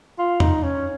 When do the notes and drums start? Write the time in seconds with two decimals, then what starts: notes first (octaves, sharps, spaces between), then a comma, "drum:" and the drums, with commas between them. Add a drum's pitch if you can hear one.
0.18 F4
0.40 D#4, drum: tom E2
0.63 C#4